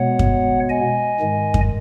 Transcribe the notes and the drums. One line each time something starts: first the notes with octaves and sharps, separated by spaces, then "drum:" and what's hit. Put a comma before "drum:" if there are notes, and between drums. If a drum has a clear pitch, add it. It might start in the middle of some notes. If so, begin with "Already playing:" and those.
Already playing: B2 G#3 B3 C#5 F#5
drum: kick F#2
D#5 G#5
G#2 D#3 G#3
drum: kick F#2